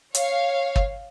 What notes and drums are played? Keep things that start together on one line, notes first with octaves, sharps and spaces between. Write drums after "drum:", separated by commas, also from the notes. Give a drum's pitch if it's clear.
C#5 F5, drum: hi-hat
drum: kick